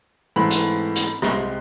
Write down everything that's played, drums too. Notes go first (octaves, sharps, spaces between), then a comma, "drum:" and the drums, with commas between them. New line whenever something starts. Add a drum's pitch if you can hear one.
G#2 E3 A3 C4 B5
drum: hi-hat
drum: hi-hat
C2 C3 G#3 C4, drum: rim click